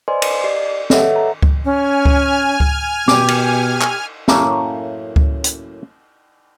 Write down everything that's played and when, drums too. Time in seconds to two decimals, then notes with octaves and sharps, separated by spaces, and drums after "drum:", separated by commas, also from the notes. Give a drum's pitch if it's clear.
0.08 B4 C5 D5 D#5 G#5 C6
0.22 drum: cymbal
0.44 G4 D5 D#5 C7
0.90 A4 B4 C#5 D#5 E5 F#5, drum: snare
1.16 A#5
1.42 drum: kick C#2
1.64 C#4 G#5 F6
2.05 drum: kick C#2
2.60 drum: kick C#2
3.08 B2 G4 D6, drum: snare
3.28 drum: cymbal
3.81 drum: clap
4.28 F#2 A2 A3 A#3 C#4, drum: snare
5.16 drum: kick C#2
5.44 drum: hi-hat